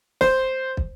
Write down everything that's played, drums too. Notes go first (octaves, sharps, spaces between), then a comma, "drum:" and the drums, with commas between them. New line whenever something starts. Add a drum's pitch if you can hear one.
C5, drum: snare
drum: kick